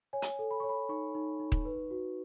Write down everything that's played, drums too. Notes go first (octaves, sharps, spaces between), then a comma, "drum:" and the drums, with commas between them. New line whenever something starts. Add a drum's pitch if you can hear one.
C#5 G#5
drum: hi-hat
A4
B5
C#5 C#6
B5
D#4 C#6
D#4
D#4
drum: kick D#1
B4
F#4